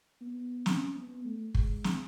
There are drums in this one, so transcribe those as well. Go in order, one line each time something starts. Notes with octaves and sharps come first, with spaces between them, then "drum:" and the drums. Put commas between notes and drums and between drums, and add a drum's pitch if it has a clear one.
B3
C#4, drum: snare
B3
A3
G#3, drum: kick
drum: snare